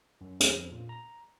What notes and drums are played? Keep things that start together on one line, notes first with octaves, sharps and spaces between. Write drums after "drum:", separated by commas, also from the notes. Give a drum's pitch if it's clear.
F#2
F2, drum: hi-hat
A#2
A#5